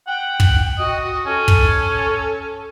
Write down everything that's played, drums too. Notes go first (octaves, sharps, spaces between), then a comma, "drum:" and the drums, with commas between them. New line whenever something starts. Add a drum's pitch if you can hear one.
F#5 G5
drum: kick
F#4 D#5
C#4 A4
drum: kick